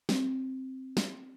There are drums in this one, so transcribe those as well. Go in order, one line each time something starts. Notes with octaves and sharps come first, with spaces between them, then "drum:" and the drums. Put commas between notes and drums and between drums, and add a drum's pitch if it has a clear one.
C4, drum: snare
drum: snare